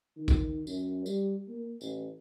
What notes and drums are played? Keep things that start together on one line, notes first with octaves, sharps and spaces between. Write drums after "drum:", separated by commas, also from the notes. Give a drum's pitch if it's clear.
D#3
drum: kick, tambourine
F#2, drum: tambourine
G3, drum: tambourine
A#3
A1, drum: tambourine